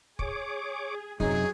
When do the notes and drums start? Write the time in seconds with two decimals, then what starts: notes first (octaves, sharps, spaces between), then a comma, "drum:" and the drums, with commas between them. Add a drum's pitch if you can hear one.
0.19 G#4 C#5 D6, drum: kick
1.20 F#2 C3 F#3 D#4 G#4, drum: kick